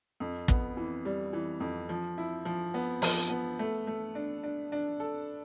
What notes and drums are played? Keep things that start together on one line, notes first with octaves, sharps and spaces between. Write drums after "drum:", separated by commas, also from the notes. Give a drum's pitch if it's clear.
F2
B3, drum: kick
E3
G3
E3
F2
F3
E4
F3
B3
F3, drum: open hi-hat
B3
A3
A3
D4
D4
D4
A4